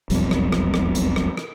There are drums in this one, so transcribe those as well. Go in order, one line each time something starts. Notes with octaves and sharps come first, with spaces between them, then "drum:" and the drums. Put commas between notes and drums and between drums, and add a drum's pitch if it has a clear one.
E1 B1 F2 G3, drum: hi-hat
drum: rim click
drum: rim click
drum: rim click
drum: hi-hat
drum: rim click
drum: rim click